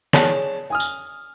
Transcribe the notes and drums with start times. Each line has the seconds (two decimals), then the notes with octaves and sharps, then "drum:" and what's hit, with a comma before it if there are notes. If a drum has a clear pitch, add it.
0.13 G#4 C#5 D5 A5, drum: snare
0.70 G#5 D#6 F6
0.80 drum: tambourine